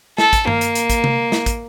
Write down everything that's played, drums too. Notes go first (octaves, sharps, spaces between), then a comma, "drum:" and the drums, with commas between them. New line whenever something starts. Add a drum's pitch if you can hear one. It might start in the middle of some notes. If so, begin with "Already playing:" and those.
A4, drum: snare
drum: kick, hi-hat
A#3, drum: tom G2
drum: hi-hat
drum: hi-hat
drum: kick, hi-hat
drum: tom C3
drum: snare
drum: kick, hi-hat